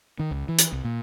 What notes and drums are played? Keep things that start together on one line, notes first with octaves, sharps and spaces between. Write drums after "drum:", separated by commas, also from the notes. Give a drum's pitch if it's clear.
D#3
C#2
E3
drum: hi-hat
C2
A#2